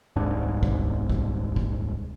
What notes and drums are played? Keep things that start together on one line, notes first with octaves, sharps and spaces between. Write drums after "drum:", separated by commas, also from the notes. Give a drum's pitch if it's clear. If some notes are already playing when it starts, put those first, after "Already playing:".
D#1 C2 G#2 D4
drum: kick
drum: kick
drum: kick